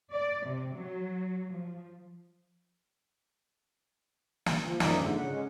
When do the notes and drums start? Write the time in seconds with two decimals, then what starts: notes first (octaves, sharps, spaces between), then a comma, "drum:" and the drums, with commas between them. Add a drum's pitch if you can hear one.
0.13 D5
0.46 C3
0.76 F#3
1.53 F3
4.46 drum: snare
4.65 F3
4.80 F#2 F3 D#4 D5 E5, drum: snare
4.98 G#2 D3
5.17 C#3 F#5
5.29 G#3 C#4